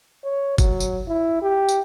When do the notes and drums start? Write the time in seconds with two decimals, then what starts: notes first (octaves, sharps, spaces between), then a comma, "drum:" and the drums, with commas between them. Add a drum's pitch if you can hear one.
0.24 C#5
0.58 F#3, drum: kick G1, tambourine
0.80 drum: tambourine
1.08 E4
1.42 G4
1.69 drum: tambourine